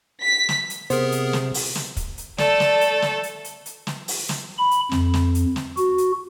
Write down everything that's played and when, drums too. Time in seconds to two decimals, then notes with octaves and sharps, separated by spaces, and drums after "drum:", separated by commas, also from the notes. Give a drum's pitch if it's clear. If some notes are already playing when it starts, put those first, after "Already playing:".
0.23 B6
0.49 drum: snare
0.70 drum: hi-hat
0.90 C3 B3 G#4 A#4 C5, drum: hi-hat
1.12 drum: hi-hat
1.33 drum: snare
1.54 drum: open hi-hat
1.75 drum: snare
1.97 drum: kick, hi-hat
2.18 drum: hi-hat
2.38 A3 A4 D5, drum: snare
2.60 drum: snare
2.81 drum: hi-hat
3.02 drum: snare
3.23 drum: hi-hat
3.45 drum: hi-hat
3.66 drum: hi-hat
3.87 drum: snare
4.08 drum: open hi-hat
4.29 drum: snare
4.58 B5
4.71 drum: hi-hat
4.92 F2, drum: snare
5.14 drum: snare
5.35 drum: hi-hat
5.56 drum: snare
5.77 F#4, drum: hi-hat
5.98 drum: hi-hat